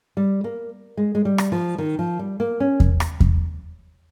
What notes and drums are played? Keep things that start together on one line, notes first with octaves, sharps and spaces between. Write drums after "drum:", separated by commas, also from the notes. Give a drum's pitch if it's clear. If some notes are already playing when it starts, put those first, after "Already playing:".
G3
A#3
G#3
G#3
G3
drum: rim click
F3
D#3
F3
G3
A#3
C#4
drum: kick E2
drum: rim click
drum: kick E2